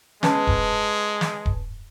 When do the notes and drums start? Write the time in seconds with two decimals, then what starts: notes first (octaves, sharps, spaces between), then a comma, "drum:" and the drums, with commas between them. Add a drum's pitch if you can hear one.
0.23 G#3 C#4 B4 A5, drum: snare
0.47 drum: kick D#1
1.21 drum: snare
1.46 drum: kick D#1